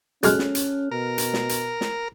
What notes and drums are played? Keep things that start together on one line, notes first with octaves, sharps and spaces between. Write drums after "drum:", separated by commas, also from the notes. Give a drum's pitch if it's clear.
B1 G#3 C#4 A4 F6 F#6, drum: hi-hat
drum: snare
drum: hi-hat
B2 A#4
drum: hi-hat
drum: snare
drum: hi-hat
drum: snare